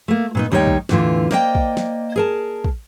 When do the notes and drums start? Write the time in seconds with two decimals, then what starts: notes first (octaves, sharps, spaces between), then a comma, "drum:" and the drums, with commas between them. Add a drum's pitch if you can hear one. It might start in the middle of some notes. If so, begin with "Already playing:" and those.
0.08 A3 A#3
0.35 A#2 B3 D#4
0.52 D#2 G3 D#4 E4 C#5 G5
0.67 drum: kick
0.89 E2 A2 D3 E3 F4, drum: snare
1.31 A#3 C5 D5 D#5 F5 G5, drum: snare
1.55 drum: kick
1.77 drum: snare
2.16 G#4 A#4 A5
2.64 drum: kick